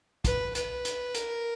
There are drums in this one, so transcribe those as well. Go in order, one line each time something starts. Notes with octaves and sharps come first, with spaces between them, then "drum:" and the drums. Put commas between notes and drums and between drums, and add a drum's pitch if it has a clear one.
B4, drum: kick, hi-hat
B4, drum: hi-hat
drum: hi-hat
A#4, drum: hi-hat